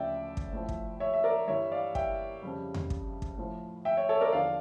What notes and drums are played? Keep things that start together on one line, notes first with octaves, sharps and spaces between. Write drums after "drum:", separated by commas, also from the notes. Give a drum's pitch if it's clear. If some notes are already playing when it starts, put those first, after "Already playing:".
Already playing: D2 C#3 F3 D5 E5 G5
drum: kick
A2 F3
drum: kick
C#5 E5
E5
A#4 D5
G2 E3 G3 C#5 E5
D5 F5
E5 G5, drum: kick
F2 C#3 G3
drum: tom E2
drum: kick
drum: kick
A2 F3
E5 G5
C#5 E5
A4 C#5
A#4 D5
E2 D3 F3 D5 F5